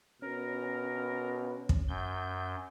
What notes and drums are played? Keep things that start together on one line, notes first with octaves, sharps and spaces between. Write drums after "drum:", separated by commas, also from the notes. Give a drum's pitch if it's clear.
B2 C#4 A#4
drum: kick
F#2 G6